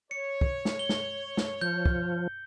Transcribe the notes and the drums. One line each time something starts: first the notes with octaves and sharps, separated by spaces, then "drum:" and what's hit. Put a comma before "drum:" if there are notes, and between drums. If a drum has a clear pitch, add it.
C#5 C#7
drum: kick
drum: snare
G7
drum: snare
drum: snare
F3 G6
drum: kick